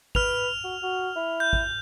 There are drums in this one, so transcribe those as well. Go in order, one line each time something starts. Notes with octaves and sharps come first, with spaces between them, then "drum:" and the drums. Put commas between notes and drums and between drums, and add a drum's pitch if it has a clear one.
B4 F6 F7, drum: kick
F#4
F#4
E4
G6
drum: kick